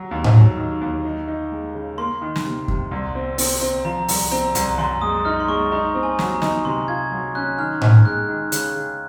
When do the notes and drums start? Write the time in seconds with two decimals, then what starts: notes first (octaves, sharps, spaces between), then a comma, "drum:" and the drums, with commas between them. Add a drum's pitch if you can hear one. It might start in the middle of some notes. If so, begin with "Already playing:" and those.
Already playing: F#3 A#5
0.11 D#2
0.24 drum: tom A2
0.34 F#3
0.58 D#3
0.81 D#2
1.05 D#4
1.28 D#4
1.52 G#3
1.74 C#3
1.98 A#3 C6
2.22 D#3
2.36 drum: snare
2.45 C3
2.68 C3, drum: kick E2
2.91 C2
3.15 C4
3.38 C4, drum: open hi-hat
3.61 C4
3.85 F3 A#5
4.08 C2, drum: open hi-hat
4.31 C4 A#5
4.55 C2, drum: hi-hat
4.78 F#2 C6
5.01 G#3 D#6
5.25 D#4 F6
5.40 C6
5.48 G#3 C#6
5.72 D#4 A#5
5.95 C4
6.03 G#5
6.19 F#3, drum: snare
6.34 A#5
6.42 D#4, drum: snare
6.65 C3 C6
6.88 F4 G#6
7.12 F#3
7.35 C#4 F#6
7.58 D#3 F6
7.82 D#3, drum: tom A2
8.05 G#3 F#6
8.29 D#3
8.52 C#3 F#6, drum: hi-hat
8.75 C#3